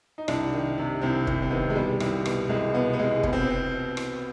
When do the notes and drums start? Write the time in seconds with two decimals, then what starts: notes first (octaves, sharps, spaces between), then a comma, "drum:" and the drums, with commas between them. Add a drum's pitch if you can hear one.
0.18 D#4
0.28 C2 D4, drum: rim click
0.53 D#3
0.78 C3
1.01 C2 C4
1.27 C2, drum: kick
1.42 C4
1.51 D#3 B3
1.70 G#3
1.76 B2 G3
2.00 C2, drum: rim click
2.26 B2, drum: rim click
2.49 C2 G#3
2.73 B2 B3
2.93 B3
2.99 C2 G#3
3.23 B2 B3, drum: kick
3.33 C4
3.41 B3
3.50 C4
3.97 drum: rim click